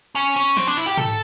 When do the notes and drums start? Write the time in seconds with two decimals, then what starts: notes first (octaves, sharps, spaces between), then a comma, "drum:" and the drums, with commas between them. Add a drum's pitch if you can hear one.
0.15 C#4, drum: cymbal
0.36 C#4
0.57 C4, drum: snare
0.67 D4, drum: cymbal
0.77 E4
0.87 G4
0.97 A4, drum: tom G#2